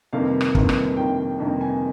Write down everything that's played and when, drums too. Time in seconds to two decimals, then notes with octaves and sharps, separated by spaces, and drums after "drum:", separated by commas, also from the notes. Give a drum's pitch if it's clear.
0.13 G1 F2 C3 D#3 A#3 F5
0.41 drum: rim click
0.55 G1 F2 C3 D#3 A#3, drum: kick
0.69 drum: rim click
0.97 G1 F2 C3 D#3 A#3 G5
1.18 G5
1.39 G1 F2 C3 D#3 A#3 G5
1.61 G#5